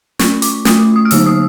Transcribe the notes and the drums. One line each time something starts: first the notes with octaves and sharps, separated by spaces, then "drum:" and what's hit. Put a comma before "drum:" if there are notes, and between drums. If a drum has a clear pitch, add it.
A3 C#4 F4 C#6, drum: snare
D6, drum: hi-hat
A3 C#4 F4 D#6, drum: snare
D#6
F6
D3 F#3 A#3 D#4 E6, drum: open hi-hat
D#6